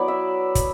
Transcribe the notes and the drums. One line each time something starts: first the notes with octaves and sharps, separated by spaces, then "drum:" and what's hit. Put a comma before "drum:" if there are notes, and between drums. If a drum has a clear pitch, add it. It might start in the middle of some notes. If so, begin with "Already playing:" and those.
Already playing: F#3 B3 E4 D5
E5
drum: kick, hi-hat